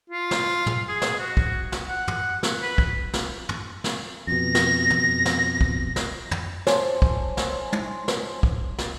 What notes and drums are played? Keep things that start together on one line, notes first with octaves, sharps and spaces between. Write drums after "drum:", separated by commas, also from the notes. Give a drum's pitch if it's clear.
F4
drum: snare
drum: tom
G#4
drum: snare
F#4
drum: kick
drum: snare
F#5
drum: tom
drum: snare
B4
drum: kick
drum: snare
drum: tom
drum: snare
F2 B2 A#6
drum: snare
drum: tom
drum: snare
drum: kick
drum: snare
drum: tom
C5 C#5 G#5 A5 C6, drum: snare
drum: kick
drum: snare
drum: tom
drum: snare
drum: kick
drum: snare